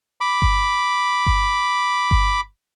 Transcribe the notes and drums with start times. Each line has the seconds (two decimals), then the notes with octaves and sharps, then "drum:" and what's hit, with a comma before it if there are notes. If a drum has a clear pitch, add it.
0.21 B5 D6
0.42 drum: kick G1
1.26 drum: kick G1
2.11 drum: kick G1